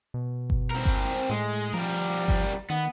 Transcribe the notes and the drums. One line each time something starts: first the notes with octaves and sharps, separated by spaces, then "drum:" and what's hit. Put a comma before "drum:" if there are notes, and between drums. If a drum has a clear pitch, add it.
B2
drum: kick G1
C4 A#4
drum: kick G1
A2 G#3
F3 G3 A#4
drum: kick G1
D#3 B3